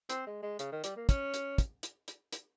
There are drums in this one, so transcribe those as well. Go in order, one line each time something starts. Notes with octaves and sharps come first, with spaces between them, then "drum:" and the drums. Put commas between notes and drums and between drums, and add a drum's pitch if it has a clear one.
C4, drum: hi-hat
G#3
G#3
C#3, drum: hi-hat
D#3
G3, drum: hi-hat
A#3
C#4, drum: kick, hi-hat
drum: hi-hat
drum: kick, hi-hat
drum: hi-hat
drum: hi-hat
drum: hi-hat